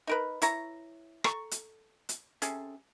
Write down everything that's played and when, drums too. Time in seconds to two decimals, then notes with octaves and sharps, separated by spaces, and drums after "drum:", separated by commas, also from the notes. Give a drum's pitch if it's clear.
0.07 D#4 A#4 B4
0.42 E4 C#5 A#5, drum: hi-hat
1.24 A4 A#5 C#6, drum: rim click
1.51 drum: hi-hat
2.09 drum: hi-hat
2.42 C3 C#4 G#4 A4, drum: hi-hat